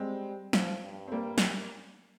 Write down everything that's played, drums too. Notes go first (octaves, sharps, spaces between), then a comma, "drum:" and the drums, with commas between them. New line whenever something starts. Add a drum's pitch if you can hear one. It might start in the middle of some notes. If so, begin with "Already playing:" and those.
Already playing: G3 G#3 C4
F3, drum: snare
G2
C4
G3 A#3
drum: snare